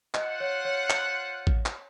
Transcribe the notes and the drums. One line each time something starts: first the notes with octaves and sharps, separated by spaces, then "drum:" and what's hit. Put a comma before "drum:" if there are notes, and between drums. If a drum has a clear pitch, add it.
F4 C5 D#5 F#5, drum: clap
C#5
C#5
drum: clap
drum: kick A1
drum: clap